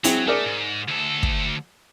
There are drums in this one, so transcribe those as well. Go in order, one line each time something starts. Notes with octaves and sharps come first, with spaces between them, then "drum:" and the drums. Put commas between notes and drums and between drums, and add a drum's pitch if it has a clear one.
F#3 C4 E4 G#4, drum: hi-hat
A3 G#4 A#4 D5
G#2
D2 A4
drum: kick